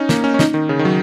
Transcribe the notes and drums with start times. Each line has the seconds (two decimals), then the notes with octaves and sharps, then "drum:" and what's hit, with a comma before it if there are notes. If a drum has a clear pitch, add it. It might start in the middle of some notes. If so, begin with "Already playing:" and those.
Already playing: C#4 D#4
0.09 A#3, drum: snare
0.24 C#4
0.34 C#4
0.39 D#4, drum: snare
0.54 D#3
0.69 C#3
0.79 D#3
0.85 F#3